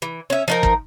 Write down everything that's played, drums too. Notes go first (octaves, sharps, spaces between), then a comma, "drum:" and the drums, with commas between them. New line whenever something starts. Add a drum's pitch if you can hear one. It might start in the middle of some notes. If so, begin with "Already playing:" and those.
E3
C#4 E5
F3 D#4 A#4
drum: kick